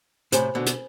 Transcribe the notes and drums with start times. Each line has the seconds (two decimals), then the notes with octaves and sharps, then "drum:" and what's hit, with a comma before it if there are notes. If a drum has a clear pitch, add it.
0.32 A2 C3 C5 G#5 B5, drum: hi-hat
0.55 B2 D3
0.66 drum: hi-hat